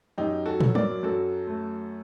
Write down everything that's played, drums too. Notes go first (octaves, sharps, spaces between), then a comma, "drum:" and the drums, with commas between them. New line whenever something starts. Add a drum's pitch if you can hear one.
F#2 D#4 G4
F#4 A4
F#3, drum: tom
A#4 D5, drum: tom
F#2 F#4 A4
A3